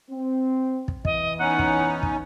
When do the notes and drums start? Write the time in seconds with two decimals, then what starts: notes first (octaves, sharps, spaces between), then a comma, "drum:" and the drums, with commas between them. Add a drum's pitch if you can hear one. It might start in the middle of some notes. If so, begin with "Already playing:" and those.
0.11 C4
0.88 drum: kick
1.05 E3 D#5, drum: kick
1.39 B3 C#4 D#4 F#5
1.59 drum: kick
2.03 drum: kick